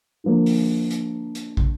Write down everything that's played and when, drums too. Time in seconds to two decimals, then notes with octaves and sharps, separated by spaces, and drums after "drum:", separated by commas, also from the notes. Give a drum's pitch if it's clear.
0.24 D3 F3 A#3
0.46 drum: open hi-hat
0.91 drum: hi-hat
1.35 drum: hi-hat
1.57 drum: kick